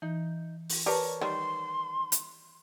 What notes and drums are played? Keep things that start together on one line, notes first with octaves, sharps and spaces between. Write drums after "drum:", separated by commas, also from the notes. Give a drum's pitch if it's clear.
E3 D#4
drum: open hi-hat
G4 A#4 B4 C#5 D5 A5 A#5
D#3 G3 C6
drum: hi-hat